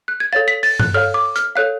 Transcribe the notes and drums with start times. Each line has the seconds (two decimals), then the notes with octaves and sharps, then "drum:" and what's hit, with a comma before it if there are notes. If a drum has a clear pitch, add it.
0.08 F#6
0.20 G#6
0.33 A4 C#5 F5 A6
0.48 B6
0.63 A6, drum: open hi-hat
0.80 F#6, drum: tom G2
0.94 A4 C#5 F5 F6
1.14 D6
1.36 F6, drum: hi-hat
1.55 A4 C#5 F5 F#6